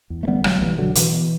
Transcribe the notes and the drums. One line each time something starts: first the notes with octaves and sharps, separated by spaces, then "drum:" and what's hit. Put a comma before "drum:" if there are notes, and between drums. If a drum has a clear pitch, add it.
E2
A3
D3 G3 B3
B1 F#3 A3, drum: rim click
B1 E3 G3
B2 D3 F#3
B2 E3, drum: hi-hat
B2